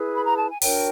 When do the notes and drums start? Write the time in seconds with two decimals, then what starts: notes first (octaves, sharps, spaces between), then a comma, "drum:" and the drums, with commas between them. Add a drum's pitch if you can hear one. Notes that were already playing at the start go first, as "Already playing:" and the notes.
Already playing: E4 G#4 B4
0.16 B5
0.24 A#5
0.37 A5
0.50 G#5
0.62 D4 F#4 A#4 C#5 G5, drum: open hi-hat